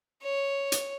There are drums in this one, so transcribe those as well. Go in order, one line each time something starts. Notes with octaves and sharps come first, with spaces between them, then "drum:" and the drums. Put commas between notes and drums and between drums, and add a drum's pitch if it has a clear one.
C#5
drum: hi-hat